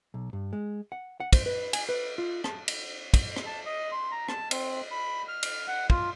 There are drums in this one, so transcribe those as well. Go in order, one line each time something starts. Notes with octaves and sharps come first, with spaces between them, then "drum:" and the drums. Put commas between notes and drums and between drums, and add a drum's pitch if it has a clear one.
B1
G2
G#3
F#5
F#5
C5, drum: kick, cymbal
B4
G#5, drum: cymbal
B4
F4
A5, drum: rim click
drum: cymbal
drum: kick, cymbal
drum: rim click
A5
D#5
C6
A#5
A5, drum: rim click
C4, drum: cymbal
B5
F6
drum: cymbal
F#5
F4, drum: kick